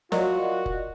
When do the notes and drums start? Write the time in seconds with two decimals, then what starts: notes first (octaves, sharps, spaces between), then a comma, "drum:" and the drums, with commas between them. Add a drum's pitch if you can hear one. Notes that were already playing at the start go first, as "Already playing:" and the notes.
0.12 F#3 F4 F#4 A#4 D5 D#5, drum: snare
0.66 drum: kick